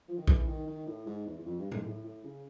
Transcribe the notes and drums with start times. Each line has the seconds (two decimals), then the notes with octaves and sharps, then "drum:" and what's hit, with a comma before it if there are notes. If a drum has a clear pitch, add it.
0.08 F3
0.18 D#3
0.28 E3, drum: kick A#1
0.47 D#3
0.67 D#3
0.86 A2
1.06 G#2
1.26 E2
1.39 E2
1.46 F2
1.59 G2
1.71 G#2, drum: tom
1.85 A2
2.04 A2
2.24 C#3